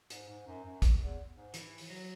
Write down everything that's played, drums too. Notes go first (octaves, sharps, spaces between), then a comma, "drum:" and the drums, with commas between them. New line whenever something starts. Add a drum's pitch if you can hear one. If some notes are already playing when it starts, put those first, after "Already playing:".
G#2, drum: hi-hat
G#2
F#2
F#2
drum: kick, hi-hat
E2
G#2
E3, drum: hi-hat
drum: open hi-hat
F#3